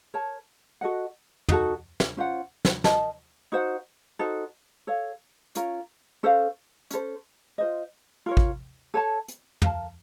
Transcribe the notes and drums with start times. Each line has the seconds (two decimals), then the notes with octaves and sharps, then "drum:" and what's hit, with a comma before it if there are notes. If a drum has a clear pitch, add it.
0.14 A#4 C#5 A5
0.81 F#4 A4 D#5 F#5
1.49 D#4 F#4 A4, drum: tom
2.00 drum: snare
2.17 C#4 F4 C5 F#5
2.65 drum: snare
2.84 A#4 D#5 A5, drum: snare
3.52 D#4 F#4 C5 F#5
4.19 D#4 F#4 A4 C5
4.87 A4 C#5 F5
5.55 C#4 F4 A#4 C#5, drum: hi-hat
6.23 C#4 A4 C5 F5
6.90 C#4 A4 C5, drum: hi-hat
7.58 F4 C5 D#5
8.26 F4 A#4 C#5
8.37 drum: kick
8.94 A4 C#5 A5
9.28 drum: hi-hat
9.62 A#4 F5 A5, drum: tom